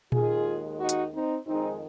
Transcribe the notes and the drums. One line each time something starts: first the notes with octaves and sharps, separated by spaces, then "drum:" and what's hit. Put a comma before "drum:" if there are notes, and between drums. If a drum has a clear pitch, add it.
D#2 D#3 G#3 F4 G#4, drum: tom A#2
D#4 F#4
drum: hi-hat
C4 D#4
F2 D#3 G#3 C4 D#4